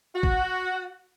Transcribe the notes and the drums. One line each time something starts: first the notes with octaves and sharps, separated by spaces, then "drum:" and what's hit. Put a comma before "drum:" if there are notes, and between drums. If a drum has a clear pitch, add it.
F#4
drum: kick